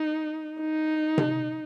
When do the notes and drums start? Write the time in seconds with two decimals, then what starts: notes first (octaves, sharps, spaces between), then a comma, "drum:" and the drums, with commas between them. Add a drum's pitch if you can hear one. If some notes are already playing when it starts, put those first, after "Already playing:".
Already playing: D#4
0.61 D#4
1.18 drum: tom C3